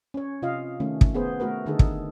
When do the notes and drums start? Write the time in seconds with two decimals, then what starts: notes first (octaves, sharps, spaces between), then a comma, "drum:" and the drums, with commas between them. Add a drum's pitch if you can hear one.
0.14 C#4 C#5
0.42 C3 F4 D#5 F5
0.80 D#3 A3 C#4
1.01 drum: kick
1.15 B3 G#4 B4 C5
1.40 A3 F#4 A#4 B4
1.66 D3 D#3 D#4 G#4 A4
1.79 drum: kick